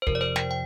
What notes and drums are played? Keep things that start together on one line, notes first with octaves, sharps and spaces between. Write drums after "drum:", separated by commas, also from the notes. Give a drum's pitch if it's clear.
C5
F2 C3 F3 A#4, drum: kick
D5
C5
G5, drum: snare
G5